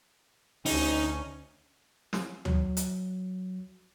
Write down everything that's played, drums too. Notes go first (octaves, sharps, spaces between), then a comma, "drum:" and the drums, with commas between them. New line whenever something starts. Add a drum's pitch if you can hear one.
D2 C#4 D#4, drum: open hi-hat
drum: snare
F#3, drum: tom D2
drum: hi-hat